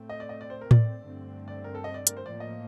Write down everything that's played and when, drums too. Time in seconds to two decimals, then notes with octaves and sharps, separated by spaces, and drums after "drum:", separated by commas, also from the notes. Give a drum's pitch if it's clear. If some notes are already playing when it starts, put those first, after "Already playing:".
Already playing: A2 A3 C4
0.09 D#5
0.20 D5
0.29 D#5
0.41 D5
0.50 C5
0.61 A#4
0.71 D5, drum: tom A2
1.02 G2 D3 A3 C4
1.48 D5
1.64 A#4
1.75 A4
1.84 D#5
1.94 D5
2.07 A#4, drum: hi-hat
2.17 C5
2.26 A2 F3 A#3 D5
2.40 D#5